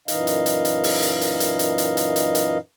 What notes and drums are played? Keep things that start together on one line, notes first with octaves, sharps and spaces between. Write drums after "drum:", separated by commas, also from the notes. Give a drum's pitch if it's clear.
F#2 A#2 E3 D#4 D#5 F5, drum: hi-hat
drum: hi-hat
drum: hi-hat
drum: hi-hat
drum: open hi-hat
drum: hi-hat
drum: hi-hat
drum: hi-hat
drum: hi-hat
drum: hi-hat
drum: hi-hat
drum: hi-hat
drum: hi-hat